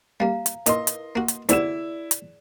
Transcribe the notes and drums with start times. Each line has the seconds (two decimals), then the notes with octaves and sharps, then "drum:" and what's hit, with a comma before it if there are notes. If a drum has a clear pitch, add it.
0.20 G3 A#3 F5 A#5
0.46 drum: hi-hat
0.66 A#2 D#4 E4 A#4 B4 D#5 C6, drum: hi-hat
0.87 drum: hi-hat
1.15 A#3 F#4
1.28 drum: hi-hat
1.49 D2 C3 B3 E4 G#4 D5 E6 E7, drum: hi-hat
2.11 drum: hi-hat